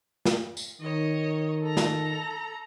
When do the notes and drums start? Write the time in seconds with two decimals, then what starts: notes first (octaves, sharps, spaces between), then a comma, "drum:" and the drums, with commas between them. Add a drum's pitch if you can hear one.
0.26 drum: snare
0.57 drum: tambourine
0.81 D#3 C#5 D#5
1.63 A4 A#5
1.77 drum: snare